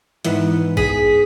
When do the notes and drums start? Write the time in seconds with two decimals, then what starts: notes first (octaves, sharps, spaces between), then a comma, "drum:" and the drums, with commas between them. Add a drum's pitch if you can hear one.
0.25 G#2 E3 B3 E5, drum: hi-hat
0.77 G#4 B6, drum: kick A1